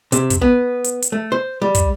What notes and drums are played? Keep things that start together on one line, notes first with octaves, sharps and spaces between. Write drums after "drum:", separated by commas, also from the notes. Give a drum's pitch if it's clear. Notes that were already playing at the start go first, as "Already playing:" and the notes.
C3, drum: hi-hat
drum: kick, hi-hat
B3
drum: hi-hat
drum: hi-hat
A3
C5
G3
drum: kick, hi-hat